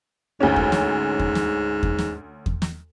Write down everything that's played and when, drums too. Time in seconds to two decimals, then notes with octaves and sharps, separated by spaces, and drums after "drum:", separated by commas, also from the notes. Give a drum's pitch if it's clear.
0.40 D2 G#2 C#4
0.56 drum: kick E2
0.72 drum: snare
1.19 drum: kick E2
1.35 drum: snare
1.83 drum: kick E2
1.99 drum: snare
2.46 drum: kick E2
2.62 drum: snare